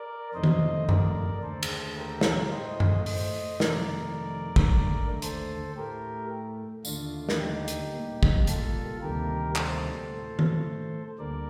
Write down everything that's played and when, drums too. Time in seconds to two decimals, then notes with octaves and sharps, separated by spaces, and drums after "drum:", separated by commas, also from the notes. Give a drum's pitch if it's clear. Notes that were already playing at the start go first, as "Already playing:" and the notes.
Already playing: A#4 D5
0.34 F2 C3 D#3 A3 C5 D#5
0.44 drum: tom D#3
0.89 A#4 D5, drum: tom F#2
1.43 D#2 D3 A3 A4 C5
1.63 drum: cymbal
1.97 G4 A#4
2.21 drum: snare
2.52 A2 A3 C5 D#5
2.80 drum: tom F#2
3.06 C5 D#5, drum: open hi-hat
3.60 F2 C3 D#3 A3 A#4 D5, drum: snare
4.56 drum: kick
4.68 D#2 D3 A3
5.22 A4 C5, drum: hi-hat
5.76 A2 A3 G4 A#4
6.85 D#2 D3 A3 D4 F4, drum: tambourine
7.29 drum: snare
7.39 D#4 G4
7.68 drum: hi-hat
7.93 A#2 G3 A#3
8.23 drum: kick
8.47 F4 A4, drum: hi-hat
9.02 D2 C3 D#3 G3 A#3 G4 A#4
9.56 A4 C5, drum: clap
10.11 A2 A3
10.39 drum: tom D#3
11.19 D2 D3 G3 A#3 A#4 D5